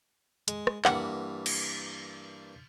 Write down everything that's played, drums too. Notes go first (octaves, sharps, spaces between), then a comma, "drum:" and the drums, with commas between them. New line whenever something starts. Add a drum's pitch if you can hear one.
G#3, drum: hi-hat
drum: rim click
G2 E3 A#3 F#5, drum: clap
drum: cymbal